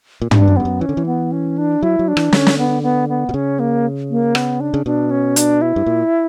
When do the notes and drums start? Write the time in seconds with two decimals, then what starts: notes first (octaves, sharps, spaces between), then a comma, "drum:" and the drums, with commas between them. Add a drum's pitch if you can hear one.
0.22 A#2
0.31 G2 D4, drum: tom
0.48 F#2
0.57 G2 B3
0.65 F#2
0.81 E3 C#4
0.89 D3
0.97 E3
1.06 B3
1.32 C#4
1.58 D4
1.83 F#3 E4
1.99 F#3
2.08 D4
2.17 E3, drum: rim click
2.32 D3 C#4, drum: snare
2.47 drum: snare
2.58 B3
2.83 B3
3.09 B3
3.29 B2
3.34 C#3 C#4
3.60 A#3
4.10 A#3
4.35 B3, drum: rim click
4.60 D4
4.74 C#3
4.86 B2 D4
5.11 C#4
5.36 D4, drum: hi-hat
5.62 E4
5.76 G2
5.86 A#2